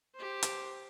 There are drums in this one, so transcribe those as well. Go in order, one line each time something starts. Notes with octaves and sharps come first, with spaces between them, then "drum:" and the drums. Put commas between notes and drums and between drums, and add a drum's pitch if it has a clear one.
G4 C5
drum: hi-hat